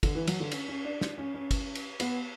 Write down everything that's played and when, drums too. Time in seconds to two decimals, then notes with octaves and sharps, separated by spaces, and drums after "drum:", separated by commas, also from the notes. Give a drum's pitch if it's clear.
0.03 D3, drum: kick, cymbal
0.15 E3
0.27 F#3, drum: cymbal
0.40 D3
0.52 C#4, drum: cymbal
0.68 C#4
0.85 D4
1.01 D4, drum: snare
1.18 C#4
1.34 C#4
1.51 drum: kick, cymbal
1.75 drum: cymbal
2.00 B3, drum: cymbal